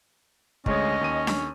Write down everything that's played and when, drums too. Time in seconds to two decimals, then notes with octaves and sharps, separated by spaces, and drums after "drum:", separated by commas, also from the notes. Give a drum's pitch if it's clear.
0.66 D2 G#3 C#4 C#5 D#5, drum: kick
1.01 D#2 D#7
1.27 drum: snare D4